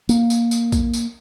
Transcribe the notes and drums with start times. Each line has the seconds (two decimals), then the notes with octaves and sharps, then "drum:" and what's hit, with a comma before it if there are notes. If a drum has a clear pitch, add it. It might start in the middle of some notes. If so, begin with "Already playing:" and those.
0.09 A#3, drum: tambourine
0.30 drum: tambourine
0.51 drum: tambourine
0.72 drum: kick A#1, tambourine
0.94 drum: tambourine